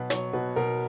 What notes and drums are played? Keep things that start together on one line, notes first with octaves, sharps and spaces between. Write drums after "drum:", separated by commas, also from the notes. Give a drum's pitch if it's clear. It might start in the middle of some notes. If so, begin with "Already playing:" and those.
Already playing: B2 F#3 B4
F#3 C#5, drum: hi-hat
B2 B4
B2 A#4